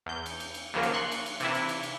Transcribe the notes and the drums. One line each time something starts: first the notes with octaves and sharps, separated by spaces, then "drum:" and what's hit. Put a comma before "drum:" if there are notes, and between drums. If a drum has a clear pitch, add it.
E2 G6
drum: cymbal
drum: cymbal
drum: cymbal
D#2 C#3 F3 F#3 A#3
drum: cymbal
C6 C#6 F#6
drum: cymbal
drum: cymbal
C3 E3 E4, drum: cymbal
drum: cymbal
drum: cymbal
drum: cymbal